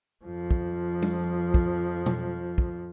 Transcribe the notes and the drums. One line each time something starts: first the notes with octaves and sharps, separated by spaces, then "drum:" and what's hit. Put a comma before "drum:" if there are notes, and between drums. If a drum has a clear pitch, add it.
F2 F3
drum: kick
drum: tom G3
drum: kick
drum: tom
drum: kick